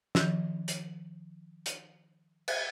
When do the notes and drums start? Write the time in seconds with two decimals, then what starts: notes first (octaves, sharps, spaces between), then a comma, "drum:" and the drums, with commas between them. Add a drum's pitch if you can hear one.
0.15 D#3 F3 G6, drum: snare
0.68 drum: hi-hat
1.66 drum: hi-hat
2.48 drum: cymbal